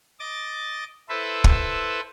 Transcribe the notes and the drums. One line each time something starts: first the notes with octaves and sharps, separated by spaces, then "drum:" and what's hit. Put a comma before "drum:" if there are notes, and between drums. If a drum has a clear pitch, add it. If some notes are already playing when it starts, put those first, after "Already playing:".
D#5 D6 A6
E4 A4 B4 C5 E5
drum: kick